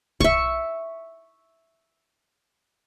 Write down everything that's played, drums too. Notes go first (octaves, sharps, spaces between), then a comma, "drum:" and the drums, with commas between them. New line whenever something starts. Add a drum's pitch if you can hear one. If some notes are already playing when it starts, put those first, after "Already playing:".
E5 C#6, drum: kick